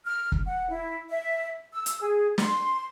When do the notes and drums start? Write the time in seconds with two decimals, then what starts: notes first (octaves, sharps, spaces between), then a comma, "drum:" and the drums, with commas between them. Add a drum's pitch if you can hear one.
0.06 F6
0.32 drum: kick
0.46 F#5
0.70 E4
1.10 E5
1.72 E6
1.86 drum: hi-hat
2.02 G#4
2.38 C6, drum: snare